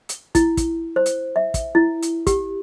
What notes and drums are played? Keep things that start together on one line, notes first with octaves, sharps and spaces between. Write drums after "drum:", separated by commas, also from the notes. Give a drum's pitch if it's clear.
drum: hi-hat
E4, drum: kick, hi-hat
drum: kick, hi-hat
C5
drum: hi-hat
E5
drum: kick, hi-hat
E4
drum: hi-hat
G4, drum: kick, hi-hat